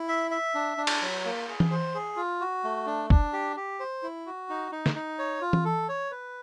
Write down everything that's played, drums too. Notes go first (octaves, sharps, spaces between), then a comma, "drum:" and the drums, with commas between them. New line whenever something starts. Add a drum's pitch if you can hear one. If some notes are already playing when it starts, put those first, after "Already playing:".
Already playing: E4
E5
E5
D4
D4
drum: cymbal
F#3
A#3
G#4
drum: tom E3
C5
G#4
F4
F#4
A3
D4
D4, drum: kick F#1
G4
G4
C5
E4
F#4
D#4
D#4
drum: snare
D#4
C#5
F4
drum: tom E3
A4
C#5
B4